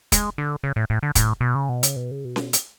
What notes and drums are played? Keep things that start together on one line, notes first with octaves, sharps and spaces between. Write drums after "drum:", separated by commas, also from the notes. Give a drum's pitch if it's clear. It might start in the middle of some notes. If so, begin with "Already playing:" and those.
G#3, drum: kick, hi-hat
D3
C#3
A2
A2
D3
A2, drum: kick, hi-hat
B2
C#3
B2
C#3, drum: hi-hat
B2
C#3
B2
drum: snare C#4
drum: hi-hat